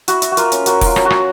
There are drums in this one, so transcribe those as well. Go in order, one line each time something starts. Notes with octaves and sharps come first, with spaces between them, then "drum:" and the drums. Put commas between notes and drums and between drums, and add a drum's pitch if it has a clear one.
E4 F#4, drum: hi-hat
E4, drum: hi-hat
F#4
A#3 F4, drum: hi-hat
C#4, drum: hi-hat
A#3 F#4, drum: hi-hat
F#3 F4, drum: kick F1, open hi-hat
F#3, drum: rim click
F#4
F#3, drum: rim click